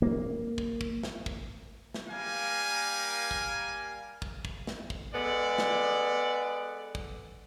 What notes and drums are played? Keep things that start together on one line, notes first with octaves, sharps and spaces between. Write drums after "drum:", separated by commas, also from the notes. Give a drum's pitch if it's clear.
A#3
drum: kick
drum: kick
drum: snare
drum: kick
drum: snare
G3 A#3 A#4 F5 G#5
drum: kick
drum: kick
drum: kick
drum: snare
drum: kick
G#3 B3 A4 D5
drum: snare
drum: kick